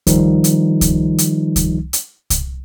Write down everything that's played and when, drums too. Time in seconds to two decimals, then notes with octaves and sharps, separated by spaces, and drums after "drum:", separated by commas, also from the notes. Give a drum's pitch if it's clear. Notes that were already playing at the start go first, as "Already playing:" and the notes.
0.07 D#3 F3 G3 D#4, drum: kick C2, hi-hat
0.44 drum: hi-hat
0.81 drum: kick C2, hi-hat
1.18 drum: hi-hat
1.56 drum: kick C2, hi-hat
1.93 drum: hi-hat
2.30 drum: kick C2, hi-hat